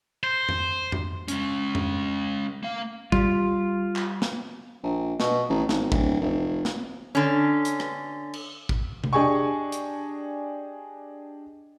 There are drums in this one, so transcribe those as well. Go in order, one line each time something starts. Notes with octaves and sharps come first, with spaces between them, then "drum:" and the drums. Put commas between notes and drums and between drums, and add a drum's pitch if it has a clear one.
C5
drum: tom F2
drum: tom F2
G#3 C#4, drum: hi-hat
drum: tom F2
A#3 F5
G3 F4, drum: kick
drum: clap
drum: snare
A#1
B2, drum: snare
A1
G#1, drum: snare
D1, drum: kick
F1
drum: snare
D3 C#4
drum: hi-hat
drum: rim click
drum: cymbal
drum: kick
drum: tom C3
D4 G4 G#4 D#5 G#5 C#6
drum: hi-hat